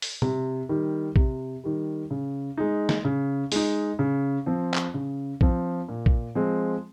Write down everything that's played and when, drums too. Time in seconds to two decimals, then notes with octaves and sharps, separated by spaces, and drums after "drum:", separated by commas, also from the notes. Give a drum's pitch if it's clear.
0.02 drum: open hi-hat
0.22 C3, drum: tom B2
0.69 D#3 G3
1.16 C3, drum: kick A#1
1.64 D#3 G3
2.11 C#3
2.57 G#3 D#4
2.89 drum: snare
3.05 C#3
3.52 G#3 D#4, drum: open hi-hat
3.99 C#3
4.46 F3 C4
4.74 drum: clap
4.94 C#3
5.41 F3 C4, drum: kick A#1
5.89 A#2
6.06 drum: kick A#1
6.35 F3 G#3 C4